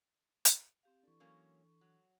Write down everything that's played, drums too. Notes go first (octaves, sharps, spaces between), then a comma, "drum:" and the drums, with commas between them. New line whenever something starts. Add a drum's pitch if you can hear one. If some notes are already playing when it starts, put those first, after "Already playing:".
drum: hi-hat
C4 G4 F5
E3 D4 A4 C#6
F#3 A#3 C#4
F#3